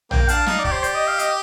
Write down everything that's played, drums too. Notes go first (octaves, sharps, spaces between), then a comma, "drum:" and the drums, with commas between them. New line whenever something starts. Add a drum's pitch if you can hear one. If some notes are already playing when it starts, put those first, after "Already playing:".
A#3 G5, drum: tom A#1
D4 F5, drum: hi-hat
D#4 F5, drum: snare
D5
G4, drum: kick
C5
D5, drum: hi-hat
D#5
F5
D#5, drum: hi-hat